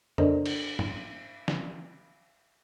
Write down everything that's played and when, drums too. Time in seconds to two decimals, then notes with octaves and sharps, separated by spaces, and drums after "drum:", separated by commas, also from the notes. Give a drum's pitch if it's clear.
0.18 D4 A4 A#4 C5 D5 D#5, drum: tom F2
0.46 drum: cymbal
0.79 drum: tom
1.48 drum: snare